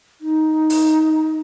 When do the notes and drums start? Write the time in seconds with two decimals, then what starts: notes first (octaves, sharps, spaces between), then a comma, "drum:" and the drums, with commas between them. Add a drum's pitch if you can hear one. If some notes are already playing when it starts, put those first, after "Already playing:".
0.21 D#4
0.70 drum: open hi-hat